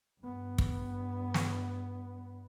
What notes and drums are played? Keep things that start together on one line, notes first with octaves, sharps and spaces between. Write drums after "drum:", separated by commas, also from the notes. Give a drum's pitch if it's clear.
G2 B3
drum: kick
drum: snare